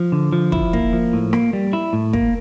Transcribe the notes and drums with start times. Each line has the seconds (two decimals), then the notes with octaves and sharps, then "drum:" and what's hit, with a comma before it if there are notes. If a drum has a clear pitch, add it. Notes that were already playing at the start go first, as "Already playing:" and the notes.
Already playing: F3
0.12 D3
0.33 F3
0.52 E4, drum: kick
0.73 A#3, drum: kick
0.93 F3
1.13 A2
1.33 A#3, drum: rim click
1.53 G3
1.73 E4
1.93 A2
2.13 A#3, drum: kick